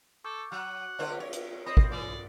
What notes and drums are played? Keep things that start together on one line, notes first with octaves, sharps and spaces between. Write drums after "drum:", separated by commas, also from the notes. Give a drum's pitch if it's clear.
A4 C#6 D6 G6
F#3 F#5
D3 F4 C5, drum: cymbal
C#5
drum: hi-hat
C4 D#5 B5 D#6 C7
drum: kick
E3 D5